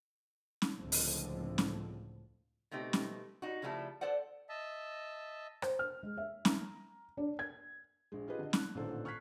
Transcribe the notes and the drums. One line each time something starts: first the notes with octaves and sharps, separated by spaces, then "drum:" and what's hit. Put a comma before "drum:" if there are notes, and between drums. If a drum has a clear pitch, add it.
drum: snare C#4
C#2 A2 D3 F3 C4
drum: open hi-hat
drum: snare C#4
B2 A3 C4 D#4 G4
drum: snare C#4
D#4 F#4
C#3 F3 G3 A3 E4 A4
A4 C5 D5 F#5
D#5 E5 A5
C5, drum: rim click
F6
G#3
E5
A#5, drum: snare C#4
D4
G#6
A#1 G#3
F4 G4 G#4 B4 D#5
D3 D#5
F#6, drum: snare C#4
A1 A#2 D3 D#3 A4 C5
C#6 F6 F#6 G#6 B6 C7